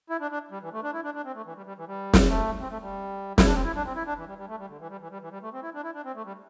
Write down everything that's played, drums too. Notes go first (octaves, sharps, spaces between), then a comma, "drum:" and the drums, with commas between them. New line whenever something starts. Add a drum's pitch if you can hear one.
E4
D4
D4
G3
E3
A3
D4
E4
D4
D4
C4
A3
E3
G3
G3
E3
G3
drum: snare
A3
C4
A3
G3
E4, drum: snare
D4
C4
E4
D4
C4
E4
D4
E3
G3
G3
A3
G3
D3
E3
G3
E3
G3
E3
G3
A3
C4
E4
D4
E4
D4
C4
A3
G3